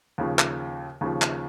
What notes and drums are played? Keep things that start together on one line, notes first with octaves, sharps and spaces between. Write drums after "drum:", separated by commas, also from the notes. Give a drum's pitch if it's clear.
D#2 C#3 F3
drum: clap
D#2 C#3 F3
drum: clap